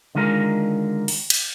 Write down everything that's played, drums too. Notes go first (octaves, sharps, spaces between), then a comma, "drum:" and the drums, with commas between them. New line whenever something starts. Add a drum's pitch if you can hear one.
D3 D#3 G#3 F4 A#4
drum: open hi-hat
drum: cymbal